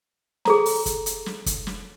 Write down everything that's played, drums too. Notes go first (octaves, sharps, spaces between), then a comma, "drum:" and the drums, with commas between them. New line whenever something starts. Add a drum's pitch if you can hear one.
G#4 A4 A#5, drum: snare
drum: open hi-hat
drum: kick, hi-hat
drum: hi-hat
drum: snare
drum: kick, hi-hat
drum: snare